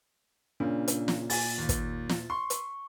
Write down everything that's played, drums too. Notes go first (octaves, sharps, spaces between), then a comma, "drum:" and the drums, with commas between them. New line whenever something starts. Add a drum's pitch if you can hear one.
A#2 C#3 D4
drum: hi-hat
drum: snare
G#5 A6, drum: open hi-hat
D#2
drum: kick, hi-hat
drum: snare
C6 C#6
drum: hi-hat